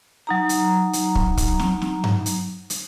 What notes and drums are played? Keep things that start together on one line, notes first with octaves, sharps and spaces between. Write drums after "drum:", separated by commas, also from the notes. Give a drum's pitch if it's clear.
F#3 D#4 A#5
drum: hi-hat
drum: hi-hat
drum: kick
drum: kick, hi-hat
drum: snare
drum: snare
drum: tom G2
drum: hi-hat
drum: hi-hat